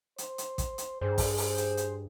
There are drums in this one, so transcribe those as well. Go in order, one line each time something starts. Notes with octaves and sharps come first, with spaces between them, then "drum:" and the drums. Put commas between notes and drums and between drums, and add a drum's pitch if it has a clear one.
C5, drum: hi-hat
drum: hi-hat
drum: kick, hi-hat
drum: hi-hat
G2 G#4 C5
drum: kick, open hi-hat
drum: open hi-hat
drum: hi-hat
drum: hi-hat